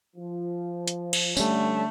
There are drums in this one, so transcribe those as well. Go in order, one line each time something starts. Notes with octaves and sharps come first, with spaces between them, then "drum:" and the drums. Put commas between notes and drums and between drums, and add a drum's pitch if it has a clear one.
F3
drum: hi-hat
drum: cymbal
D3 G3 A3 C#4, drum: tambourine